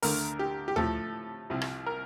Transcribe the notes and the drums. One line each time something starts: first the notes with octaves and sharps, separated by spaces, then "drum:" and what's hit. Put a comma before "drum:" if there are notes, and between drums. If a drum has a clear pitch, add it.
D2 D3 A3 A#4, drum: open hi-hat
G4
G4
A2 F3 A3 A4, drum: tom D2
C2 C3 F3
drum: rim click
A#4